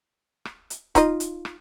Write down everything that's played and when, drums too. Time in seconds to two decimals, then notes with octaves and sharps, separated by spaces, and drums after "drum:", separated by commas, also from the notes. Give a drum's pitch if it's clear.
0.45 drum: rim click
0.70 drum: hi-hat
0.95 D#4 F4 D#5, drum: kick C#1, hi-hat
1.20 drum: hi-hat
1.45 drum: rim click